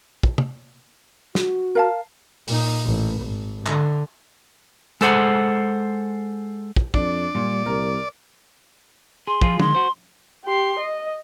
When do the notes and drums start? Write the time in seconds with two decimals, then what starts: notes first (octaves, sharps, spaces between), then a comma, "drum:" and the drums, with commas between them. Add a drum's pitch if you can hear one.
0.23 drum: kick
0.38 drum: tom
1.35 F#4, drum: snare
1.75 A#4 F5 A5
2.48 A#2 D#4, drum: open hi-hat
2.86 A1
3.22 G#1
3.66 D3, drum: clap
5.01 G#3 A4 C5 F#5, drum: hi-hat
6.76 drum: kick
6.94 F2 D4 D5, drum: kick
7.35 A#2 G3
7.66 C2 A#4
9.27 G#4 C6
9.41 F3 F4 G#4, drum: kick
9.60 D3 D#3 G#3 C6, drum: tom
9.75 F#4 C5
10.45 G4 C6
10.79 D#5